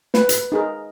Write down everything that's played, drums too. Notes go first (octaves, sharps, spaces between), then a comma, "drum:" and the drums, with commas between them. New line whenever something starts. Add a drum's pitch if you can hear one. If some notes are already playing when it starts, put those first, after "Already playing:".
B4, drum: snare
drum: hi-hat
D#4 G#4 A#4